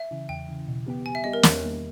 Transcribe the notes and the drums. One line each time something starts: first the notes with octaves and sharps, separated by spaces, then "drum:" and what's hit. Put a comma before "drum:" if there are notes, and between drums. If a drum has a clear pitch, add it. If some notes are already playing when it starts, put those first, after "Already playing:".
Already playing: E5
C#3 E3
E2 G5
C#3 E3
B2
G3 B3 G4
B2 G#5
E5
G3 B3 G4 D#5
A#4
E2, drum: snare
D#3 G3 A#3